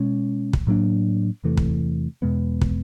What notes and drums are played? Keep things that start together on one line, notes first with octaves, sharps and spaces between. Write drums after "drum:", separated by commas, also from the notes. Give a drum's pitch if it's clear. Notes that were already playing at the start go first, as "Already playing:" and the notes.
Already playing: B2 G#3 C#4
drum: kick
A2 F#3 A#3 D4
E2 C3 E3 A3
drum: kick
E2 B2 G#3 B3
drum: kick